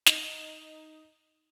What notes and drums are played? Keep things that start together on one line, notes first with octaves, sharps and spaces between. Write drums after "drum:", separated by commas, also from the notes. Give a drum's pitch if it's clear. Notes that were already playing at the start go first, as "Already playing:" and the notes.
D#4, drum: snare